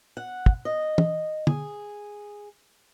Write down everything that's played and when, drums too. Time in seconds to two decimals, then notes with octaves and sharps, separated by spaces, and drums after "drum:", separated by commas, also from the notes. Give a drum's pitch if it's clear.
0.17 F#5
0.46 drum: kick
0.65 D#5
0.98 drum: tom
1.47 G#4, drum: tom